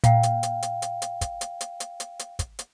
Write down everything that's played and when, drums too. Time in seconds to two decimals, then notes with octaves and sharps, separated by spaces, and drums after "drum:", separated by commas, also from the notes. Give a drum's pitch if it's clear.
0.04 A#2 F5 G5, drum: kick, hi-hat
0.23 drum: hi-hat
0.43 drum: hi-hat
0.62 drum: hi-hat
0.82 drum: hi-hat
1.02 drum: hi-hat
1.21 drum: kick, hi-hat
1.41 drum: hi-hat
1.61 drum: hi-hat
1.80 drum: hi-hat
2.00 drum: hi-hat
2.19 drum: hi-hat
2.39 drum: kick, hi-hat
2.59 drum: hi-hat